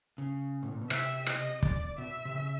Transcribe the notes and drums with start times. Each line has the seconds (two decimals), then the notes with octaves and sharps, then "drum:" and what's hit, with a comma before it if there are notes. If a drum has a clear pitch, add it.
0.18 C#3
0.63 A2
0.72 A#2
0.81 B2
0.90 C3 E5, drum: rim click
1.26 D#5, drum: rim click
1.63 D5, drum: kick
1.98 B2 E5
2.25 C3
2.35 C#3